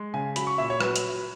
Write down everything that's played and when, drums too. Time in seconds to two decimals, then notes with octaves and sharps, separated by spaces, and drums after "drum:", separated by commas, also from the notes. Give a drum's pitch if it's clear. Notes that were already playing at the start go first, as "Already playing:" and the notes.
Already playing: G#3
0.14 C#3 G#5
0.36 F#3 B5, drum: hi-hat
0.47 C#6
0.58 A#2 E5
0.70 C#5
0.81 F#3 B4, drum: rim click
0.96 drum: hi-hat